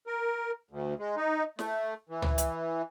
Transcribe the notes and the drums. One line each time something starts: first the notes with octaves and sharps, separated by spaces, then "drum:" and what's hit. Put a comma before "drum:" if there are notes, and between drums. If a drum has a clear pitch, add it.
A#4
D2
G#3
D#4
A3, drum: snare
E3
drum: tom
drum: hi-hat